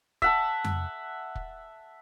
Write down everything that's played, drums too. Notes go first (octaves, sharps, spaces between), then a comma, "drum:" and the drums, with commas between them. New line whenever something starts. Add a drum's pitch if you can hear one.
E5 F#5 A5, drum: kick
drum: tom F2
drum: kick